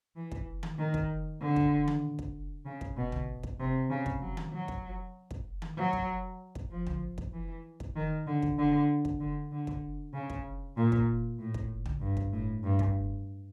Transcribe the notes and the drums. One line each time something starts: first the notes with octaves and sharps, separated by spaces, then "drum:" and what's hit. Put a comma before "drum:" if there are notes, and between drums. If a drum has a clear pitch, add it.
E3
drum: kick
drum: tom D#3
D#3
drum: kick
D3
drum: kick
drum: tom D#3
drum: kick
C#3
drum: kick
B2
drum: tom
drum: kick
C3
C#3
drum: kick
F#3
drum: tom D#3
F#3
drum: kick
drum: kick
drum: tom D#3
F#3
drum: kick
drum: kick
F3
drum: tom
drum: kick
E3
drum: kick
D#3
D3
drum: kick
D3
drum: kick
D3
D3
drum: kick
C#3
drum: kick
A#2
drum: kick
A2
drum: kick
drum: tom
G2
drum: kick
A2
G2
drum: kick